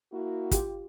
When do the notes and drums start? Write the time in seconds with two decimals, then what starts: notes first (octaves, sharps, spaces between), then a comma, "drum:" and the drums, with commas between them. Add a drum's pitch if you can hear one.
0.12 A#3 E4 F#4
0.51 F4 G4, drum: kick, hi-hat